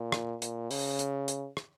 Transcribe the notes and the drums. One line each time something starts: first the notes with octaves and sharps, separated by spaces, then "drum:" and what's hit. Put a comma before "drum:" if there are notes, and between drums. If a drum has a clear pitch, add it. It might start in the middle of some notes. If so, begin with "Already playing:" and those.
Already playing: A#2
drum: rim click
A#2, drum: hi-hat
C#3, drum: open hi-hat
drum: hi-hat
drum: hi-hat
drum: rim click